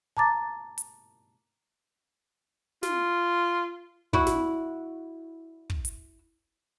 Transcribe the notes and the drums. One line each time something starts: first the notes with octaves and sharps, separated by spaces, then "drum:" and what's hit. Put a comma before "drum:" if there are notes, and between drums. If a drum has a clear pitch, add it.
A5 A#5 D6 A6
drum: hi-hat
F4, drum: snare
E4 F#4, drum: kick
drum: snare
drum: kick
drum: hi-hat